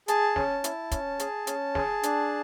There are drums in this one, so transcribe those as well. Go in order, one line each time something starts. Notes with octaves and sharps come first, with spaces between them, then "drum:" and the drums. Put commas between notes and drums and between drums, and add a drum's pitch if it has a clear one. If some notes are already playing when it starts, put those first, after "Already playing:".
G#4 A5, drum: hi-hat
C#4, drum: snare
E4, drum: hi-hat
C#4, drum: kick, hi-hat
G#4, drum: hi-hat
C#4, drum: hi-hat
G#4, drum: snare
D4, drum: hi-hat